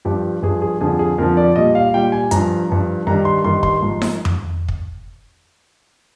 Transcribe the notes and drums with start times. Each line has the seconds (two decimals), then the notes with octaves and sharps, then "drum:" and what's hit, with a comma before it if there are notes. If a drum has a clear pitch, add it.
0.05 G2 F3 G4
0.43 G2 F3 G#4
0.62 G#4
0.81 F2 D3 F3 G#4
0.99 G#4
1.18 F2 D3 F3 A#4
1.37 D5
1.56 A#2 G3 D#5
1.75 F5
1.94 A#2 G3 G5
2.12 G#5
2.31 G2 F3 A#5, drum: hi-hat
2.69 G2 F3
3.07 G2 D#3 G3 A#5
3.25 C6
3.44 G2 D#3 G3 C6
3.63 C6, drum: kick
3.82 G#2 F3
4.02 drum: snare D#4
4.25 drum: tom F2
4.68 drum: kick